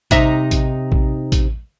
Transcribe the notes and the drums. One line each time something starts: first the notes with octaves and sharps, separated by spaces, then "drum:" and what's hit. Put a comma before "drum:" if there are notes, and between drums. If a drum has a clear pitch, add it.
C3 D#4 E5, drum: kick A1, hi-hat
drum: kick A1, hi-hat
drum: kick A1
drum: kick A1, hi-hat